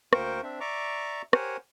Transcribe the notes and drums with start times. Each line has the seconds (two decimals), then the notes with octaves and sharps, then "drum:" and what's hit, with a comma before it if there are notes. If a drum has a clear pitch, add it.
0.13 D2 A#3 A#4 C5 G5 C#6, drum: rim click
0.43 C4 D4 E5
0.60 D5 E5 A#5 C#6 D6
1.33 G4 A#4 C5 C#5 F#5 G#5, drum: rim click